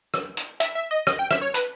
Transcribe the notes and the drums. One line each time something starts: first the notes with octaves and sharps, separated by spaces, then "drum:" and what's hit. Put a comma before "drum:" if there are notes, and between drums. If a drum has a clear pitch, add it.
drum: rim click
drum: hi-hat
E5, drum: hi-hat
E5
D#5
D#5, drum: rim click
G5
E5, drum: rim click
C#5
B4, drum: hi-hat